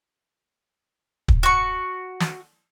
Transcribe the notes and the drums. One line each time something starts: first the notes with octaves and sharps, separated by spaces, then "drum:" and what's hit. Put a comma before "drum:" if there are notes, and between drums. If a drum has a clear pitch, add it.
drum: kick
F#4 C#6
drum: snare